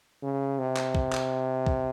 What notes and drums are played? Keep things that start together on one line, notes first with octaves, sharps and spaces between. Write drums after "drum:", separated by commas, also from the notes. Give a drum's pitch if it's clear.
C#3
C3
drum: clap
drum: kick
drum: clap
drum: kick